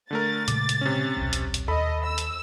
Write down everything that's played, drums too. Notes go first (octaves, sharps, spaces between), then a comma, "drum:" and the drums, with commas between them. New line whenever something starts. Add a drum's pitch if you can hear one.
D3 A3 A#4 A6
A#2 C#3 G#3 D6, drum: hi-hat
drum: hi-hat
C3 C#4
D#1 B1 C4
drum: hi-hat
drum: hi-hat
D#2 A4 D#5 B5
E6
drum: hi-hat